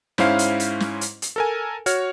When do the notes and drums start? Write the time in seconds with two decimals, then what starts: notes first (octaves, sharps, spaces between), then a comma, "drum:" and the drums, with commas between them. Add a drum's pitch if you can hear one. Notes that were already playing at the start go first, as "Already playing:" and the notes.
0.18 G#2 C#4 E4 C5 F5 F6, drum: snare
0.39 drum: hi-hat
0.60 drum: hi-hat
0.80 drum: snare
1.01 drum: hi-hat
1.22 drum: hi-hat
1.36 A4 A#4 G#5
1.86 F#4 C#5 F6, drum: hi-hat